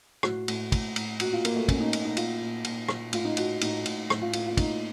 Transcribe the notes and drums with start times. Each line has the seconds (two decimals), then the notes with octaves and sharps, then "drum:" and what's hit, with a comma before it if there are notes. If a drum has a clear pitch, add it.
0.23 A2 F#4, drum: rim click
0.48 A2, drum: cymbal
0.72 A2, drum: kick, cymbal
0.96 A2, drum: cymbal
1.20 A#2 F#4, drum: cymbal
1.33 F4
1.45 A#2 A#3, drum: cymbal
1.56 A3
1.69 A#2 C#4, drum: kick, cymbal
1.80 D#4
1.93 A#2, drum: cymbal
2.05 D#4
2.17 A#2 F4, drum: cymbal
2.41 A#2
2.64 A#2, drum: cymbal
2.89 A#2, drum: rim click
3.13 A2 F4, drum: cymbal
3.25 D#4
3.37 A2 F#4, drum: cymbal
3.61 A2 D#4, drum: cymbal
3.85 A2, drum: cymbal
4.10 A2, drum: rim click
4.22 F4
4.33 A2 F4, drum: cymbal
4.46 F4
4.57 A2 D#4, drum: kick, cymbal